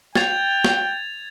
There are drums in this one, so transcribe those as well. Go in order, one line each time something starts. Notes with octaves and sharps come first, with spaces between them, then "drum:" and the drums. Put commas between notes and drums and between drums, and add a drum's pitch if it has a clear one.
G5 G#6 A6 F7, drum: snare
drum: snare